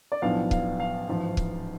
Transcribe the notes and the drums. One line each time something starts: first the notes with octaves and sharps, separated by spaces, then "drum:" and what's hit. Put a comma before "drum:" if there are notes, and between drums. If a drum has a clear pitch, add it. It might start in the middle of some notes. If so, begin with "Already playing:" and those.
D5
B1 A2 F3 B3 D4 F5
F5, drum: kick C#1
F5
A1 G#2 F3
drum: kick C#1